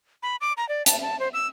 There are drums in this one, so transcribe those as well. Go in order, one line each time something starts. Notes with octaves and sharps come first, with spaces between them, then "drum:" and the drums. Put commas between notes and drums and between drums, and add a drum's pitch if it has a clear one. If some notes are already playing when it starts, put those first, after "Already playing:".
B5
D6
A#5
D5
A5, drum: hi-hat
A5
C5
E6